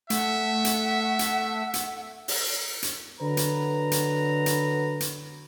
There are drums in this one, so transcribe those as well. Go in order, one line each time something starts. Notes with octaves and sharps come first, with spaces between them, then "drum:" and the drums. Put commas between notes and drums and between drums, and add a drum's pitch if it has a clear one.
A3 E5 F#5, drum: hi-hat
drum: hi-hat
drum: hi-hat
drum: hi-hat
drum: open hi-hat
drum: hi-hat
D3 F#3 B4 A#5
drum: hi-hat
drum: hi-hat
drum: hi-hat
drum: hi-hat